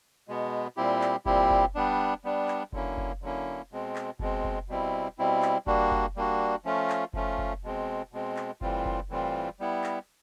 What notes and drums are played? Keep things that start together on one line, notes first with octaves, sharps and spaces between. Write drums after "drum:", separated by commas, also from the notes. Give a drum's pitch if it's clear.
B2 G#3 B3
A#2 G3 C4 E4 G4
drum: clap
A#2 G3 C4 E4 G4, drum: kick F#1
drum: kick F#1
G3 B3 D4
G3 B3 D4
drum: clap
D3 F#3 A#3 C#4 E4, drum: kick F#1
drum: kick F#1
D3 F#3 A#3 C#4 E4
B2 G#3 C4
drum: clap
B2 G#3 C4, drum: kick F#1
drum: kick F#1
B2 G3 C4 E4
B2 G3 C4 E4
drum: clap
G3 A#3 D4 F#4, drum: kick F#1
drum: kick F#1
G3 A#3 D4 F#4
F3 A3 C#4 F4
drum: clap
F3 A3 C#4 F4, drum: kick F#1
drum: kick F#1
B2 G#3 C4
B2 G#3 C4
drum: clap
A2 E3 G3 C4 F4, drum: kick F#1
drum: kick F#1
A2 E3 G3 C4 F4
G3 B3 E4
drum: clap